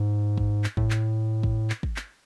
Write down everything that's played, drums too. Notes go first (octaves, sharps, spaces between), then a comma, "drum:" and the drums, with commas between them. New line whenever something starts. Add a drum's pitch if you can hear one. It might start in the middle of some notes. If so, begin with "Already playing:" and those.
Already playing: G#2
drum: kick
drum: clap
A2, drum: kick
drum: clap
drum: kick
drum: clap
drum: kick
drum: clap